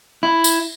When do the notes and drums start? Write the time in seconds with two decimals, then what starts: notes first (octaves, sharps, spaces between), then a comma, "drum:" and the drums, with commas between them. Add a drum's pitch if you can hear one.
0.23 E4
0.44 drum: tambourine